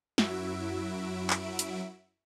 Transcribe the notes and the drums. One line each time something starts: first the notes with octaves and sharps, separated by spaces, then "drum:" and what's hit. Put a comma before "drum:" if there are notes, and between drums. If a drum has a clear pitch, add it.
F#2 F#3 E4 F#4 E5 D7, drum: snare
drum: clap
drum: hi-hat